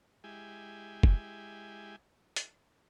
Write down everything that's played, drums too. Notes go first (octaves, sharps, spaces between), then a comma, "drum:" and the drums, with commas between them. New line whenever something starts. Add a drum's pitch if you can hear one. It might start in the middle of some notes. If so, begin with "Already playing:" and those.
G#3 E4 G4 G#5
drum: kick
drum: hi-hat